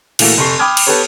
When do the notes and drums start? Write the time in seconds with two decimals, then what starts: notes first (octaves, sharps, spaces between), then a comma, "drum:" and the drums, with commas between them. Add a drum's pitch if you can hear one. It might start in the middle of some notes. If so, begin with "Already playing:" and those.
0.19 A#2 E3 A3 A#3 F#4, drum: cymbal
0.37 F1 A4 A5 C#6 C7
0.59 G5 B5 D6 D#6 F6 G#6
0.77 drum: cymbal
0.87 B3 G4 A4 B4 C#5